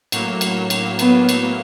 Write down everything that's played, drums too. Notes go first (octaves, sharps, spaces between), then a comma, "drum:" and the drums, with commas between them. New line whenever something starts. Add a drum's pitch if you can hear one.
A2 F#3 A#3, drum: cymbal
drum: cymbal
drum: cymbal
B3, drum: cymbal
drum: cymbal